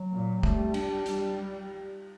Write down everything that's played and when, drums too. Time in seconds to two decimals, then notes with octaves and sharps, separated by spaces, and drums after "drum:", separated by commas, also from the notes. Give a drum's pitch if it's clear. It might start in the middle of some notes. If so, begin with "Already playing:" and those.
Already playing: F#3
0.12 A#2
0.43 G3 A3, drum: kick F1
0.74 D4, drum: cymbal
1.06 D4, drum: hi-hat